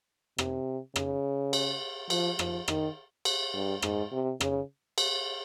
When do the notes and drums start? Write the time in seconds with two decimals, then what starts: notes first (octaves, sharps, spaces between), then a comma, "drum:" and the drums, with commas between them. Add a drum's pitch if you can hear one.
0.38 C3, drum: rim click
0.96 C#3, drum: rim click
1.53 drum: cymbal
2.10 F3, drum: cymbal
2.39 F3, drum: rim click
2.68 D#3, drum: rim click
3.25 drum: cymbal
3.54 G2
3.82 G#2, drum: rim click
4.12 C3
4.41 C#3, drum: rim click
4.98 drum: cymbal